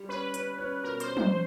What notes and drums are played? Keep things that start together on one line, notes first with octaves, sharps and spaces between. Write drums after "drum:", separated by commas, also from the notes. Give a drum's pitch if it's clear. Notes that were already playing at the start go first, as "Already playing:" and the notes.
Already playing: G3
C#4 B4
C#4, drum: hi-hat
C#4
B2 A#4
C5, drum: hi-hat
C#4
C5, drum: tom